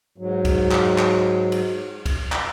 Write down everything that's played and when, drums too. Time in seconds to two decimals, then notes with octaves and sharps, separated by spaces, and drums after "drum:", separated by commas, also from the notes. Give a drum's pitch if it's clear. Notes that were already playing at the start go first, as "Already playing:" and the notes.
0.18 G#2 F#3
0.45 drum: kick, cymbal
0.72 drum: clap
0.98 drum: clap
1.52 drum: cymbal
2.06 drum: kick, cymbal
2.32 drum: clap